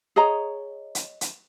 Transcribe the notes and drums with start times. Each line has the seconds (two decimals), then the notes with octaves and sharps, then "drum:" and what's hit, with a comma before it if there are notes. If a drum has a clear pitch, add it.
0.16 G#4 C#5 D#5 A#5
0.95 drum: hi-hat
1.21 drum: hi-hat